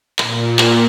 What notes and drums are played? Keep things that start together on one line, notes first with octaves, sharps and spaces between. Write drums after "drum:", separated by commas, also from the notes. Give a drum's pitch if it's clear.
A#2, drum: clap
drum: clap